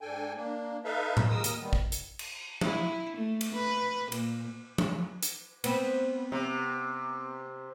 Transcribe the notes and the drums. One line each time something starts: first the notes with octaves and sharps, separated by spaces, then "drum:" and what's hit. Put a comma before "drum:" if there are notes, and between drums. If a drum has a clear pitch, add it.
G#2 D4 A4 G5 G#5
A#3 D4
D#4 A4 B4 E5 F5
drum: tom A2
D#2 G#3 A#4 D#6 E6
drum: hi-hat
D#3 G3 B3
drum: kick
drum: hi-hat
drum: cymbal
E4, drum: tom F3
A3
drum: cymbal
B4
A#2, drum: cymbal
drum: tom F3
drum: hi-hat
B3 C4, drum: cymbal
C3